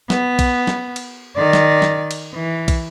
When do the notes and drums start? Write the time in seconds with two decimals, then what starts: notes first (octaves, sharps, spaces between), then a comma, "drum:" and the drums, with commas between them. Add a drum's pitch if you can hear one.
0.10 B3, drum: snare
0.39 drum: kick, cymbal
0.67 drum: snare
0.96 drum: cymbal
1.36 D#3 D5
1.53 drum: snare
1.82 drum: snare
2.11 drum: cymbal
2.34 E3
2.68 drum: kick, cymbal